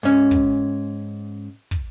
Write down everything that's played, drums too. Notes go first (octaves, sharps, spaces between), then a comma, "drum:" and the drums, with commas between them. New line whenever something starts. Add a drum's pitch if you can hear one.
G#2 C#4
drum: kick
drum: kick